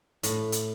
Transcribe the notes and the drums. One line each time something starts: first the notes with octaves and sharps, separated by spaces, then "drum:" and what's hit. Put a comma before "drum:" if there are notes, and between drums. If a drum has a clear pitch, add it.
A2, drum: hi-hat
drum: hi-hat